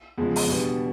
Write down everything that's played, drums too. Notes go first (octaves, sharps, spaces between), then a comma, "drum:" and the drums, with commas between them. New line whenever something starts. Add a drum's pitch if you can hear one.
E2 C#3 F3 G#3
drum: open hi-hat
E2 B2 G3 B3 D4